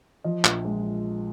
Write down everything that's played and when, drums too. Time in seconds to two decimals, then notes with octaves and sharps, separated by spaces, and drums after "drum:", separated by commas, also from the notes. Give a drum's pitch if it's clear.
0.24 F3 D#5
0.45 A#1, drum: clap
0.65 G#3